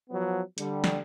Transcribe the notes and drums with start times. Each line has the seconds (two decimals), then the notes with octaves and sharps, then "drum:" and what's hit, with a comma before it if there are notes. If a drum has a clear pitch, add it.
0.10 F3 F#3 B3
0.58 D3 G3, drum: hi-hat
0.84 drum: snare